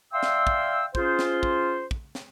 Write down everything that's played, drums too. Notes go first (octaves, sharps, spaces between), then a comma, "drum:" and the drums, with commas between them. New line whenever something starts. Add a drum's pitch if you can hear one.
D5 E5 F5 G5 C6 E6
drum: snare
drum: kick
C#4 F4 G#4 C5, drum: kick
drum: snare
drum: kick
drum: kick
drum: snare